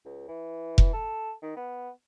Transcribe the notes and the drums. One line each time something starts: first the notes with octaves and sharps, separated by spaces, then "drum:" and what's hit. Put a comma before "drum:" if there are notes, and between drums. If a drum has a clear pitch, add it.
C#2
E3
drum: kick F1
A4
D#3
B3